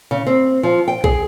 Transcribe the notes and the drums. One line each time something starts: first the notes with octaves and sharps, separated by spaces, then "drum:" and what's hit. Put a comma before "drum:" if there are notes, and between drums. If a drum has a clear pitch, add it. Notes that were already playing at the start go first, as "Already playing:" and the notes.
C#3
C4
F3
G5
G#4, drum: kick B1